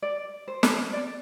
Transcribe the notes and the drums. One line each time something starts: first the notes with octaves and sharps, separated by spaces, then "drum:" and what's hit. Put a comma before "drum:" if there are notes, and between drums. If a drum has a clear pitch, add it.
D5
C5
drum: snare
D5